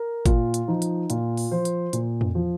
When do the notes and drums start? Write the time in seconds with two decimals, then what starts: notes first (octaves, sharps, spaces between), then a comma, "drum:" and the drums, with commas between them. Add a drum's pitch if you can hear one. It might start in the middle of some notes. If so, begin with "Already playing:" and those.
Already playing: A#4
0.26 A#2 F4, drum: kick G#1, hi-hat
0.54 drum: hi-hat
0.68 F3 D#4
0.82 drum: hi-hat
1.10 A#2 F4, drum: hi-hat
1.37 drum: open hi-hat
1.51 F3 C5
1.65 drum: hi-hat
1.93 A#2, drum: hi-hat
2.21 drum: tom
2.35 F3